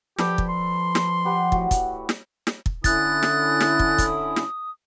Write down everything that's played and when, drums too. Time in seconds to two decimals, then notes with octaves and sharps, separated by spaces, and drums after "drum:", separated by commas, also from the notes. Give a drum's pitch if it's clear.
0.18 F3 G4 A4 B4 D5, drum: snare
0.38 drum: kick
0.49 C6
0.95 drum: snare
1.25 G4 B4 F#5
1.52 A2 F#4, drum: kick
1.71 drum: kick, hi-hat
2.09 drum: snare
2.47 drum: snare
2.66 drum: kick
2.84 D3 C#4 E4 D#6 F#6 A6, drum: kick, hi-hat
3.23 drum: snare
3.60 drum: snare
3.79 drum: kick
3.98 drum: kick, hi-hat
4.36 drum: snare